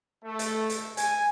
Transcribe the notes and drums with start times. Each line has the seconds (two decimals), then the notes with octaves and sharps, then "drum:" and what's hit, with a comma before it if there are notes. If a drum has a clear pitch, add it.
0.24 A3
0.39 drum: hi-hat
0.70 drum: hi-hat
0.97 G#5, drum: hi-hat